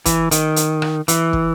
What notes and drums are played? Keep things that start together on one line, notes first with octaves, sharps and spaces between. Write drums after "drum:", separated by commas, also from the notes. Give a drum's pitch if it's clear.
E3, drum: kick, hi-hat
D#3, drum: hi-hat
drum: hi-hat
drum: rim click
E3, drum: hi-hat
drum: kick